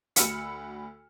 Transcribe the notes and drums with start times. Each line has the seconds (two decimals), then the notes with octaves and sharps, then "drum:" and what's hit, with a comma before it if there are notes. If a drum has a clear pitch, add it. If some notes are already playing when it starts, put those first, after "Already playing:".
0.16 D2 F#4 B5 E6 F6 C#7, drum: hi-hat